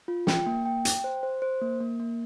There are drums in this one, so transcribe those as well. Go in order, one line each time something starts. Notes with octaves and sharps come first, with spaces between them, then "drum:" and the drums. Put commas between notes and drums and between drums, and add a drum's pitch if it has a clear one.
F4
G5, drum: snare
A#3
G5
G5, drum: hi-hat
C5
C5
C5
A#3
A#3
A#3